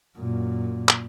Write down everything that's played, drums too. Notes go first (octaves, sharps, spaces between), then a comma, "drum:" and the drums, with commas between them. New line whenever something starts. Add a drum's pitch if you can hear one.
F#2 A#2
drum: clap